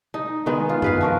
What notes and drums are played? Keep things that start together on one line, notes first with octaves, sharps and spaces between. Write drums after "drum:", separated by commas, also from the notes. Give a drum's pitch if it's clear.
D#4
D#3 G#3 B3
F4
G#4 B4 F5, drum: tom F#2
F3 F#4 A#4